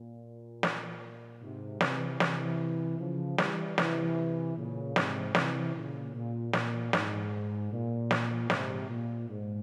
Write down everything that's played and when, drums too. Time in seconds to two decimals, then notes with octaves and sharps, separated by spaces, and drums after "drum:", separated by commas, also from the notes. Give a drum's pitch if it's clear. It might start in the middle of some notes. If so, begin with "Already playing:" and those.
Already playing: A#2
0.63 drum: snare
1.42 G#2 C3
1.81 C3 E3, drum: snare
2.20 C3 E3, drum: snare
2.99 C#3 F3
3.38 E3 G3, drum: snare
3.78 C3 E3, drum: snare
4.57 A#2 C#3
4.96 G#2 C3, drum: snare
5.35 C3 E3, drum: snare
5.75 A#2 C#3
6.14 A#2
6.53 A#2, drum: snare
6.93 G#2, drum: snare
7.71 A#2
8.11 drum: snare
8.50 G#2 C3, drum: snare
8.90 A#2
9.29 G#2